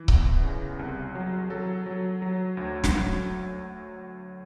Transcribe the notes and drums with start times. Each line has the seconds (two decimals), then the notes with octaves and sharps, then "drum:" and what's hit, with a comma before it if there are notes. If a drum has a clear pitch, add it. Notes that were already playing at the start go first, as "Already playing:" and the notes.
Already playing: E3
0.08 E2, drum: kick C#1
0.44 C#3
0.79 C2
1.15 F#3
1.50 F#3 A4
1.86 F#3
2.22 F#3
2.57 D2
2.84 drum: snare